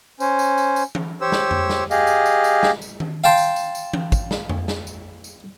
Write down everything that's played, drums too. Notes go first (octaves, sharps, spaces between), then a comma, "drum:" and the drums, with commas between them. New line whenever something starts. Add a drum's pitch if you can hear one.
C#4 C5, drum: tambourine
drum: tambourine
drum: tambourine
drum: tambourine
drum: tom E3
G4 C5 C#5 E6
drum: snare
drum: tom F2
drum: snare
G4 G#4 D#5 F5, drum: tambourine
drum: tambourine
drum: tambourine
drum: tambourine
drum: snare
drum: tambourine
drum: tom D#3
F5 G5 A5 C6
drum: tambourine
drum: tambourine
drum: tambourine
drum: tom E3
drum: kick, tambourine
drum: snare
drum: tom F2
drum: snare
drum: tambourine
drum: tambourine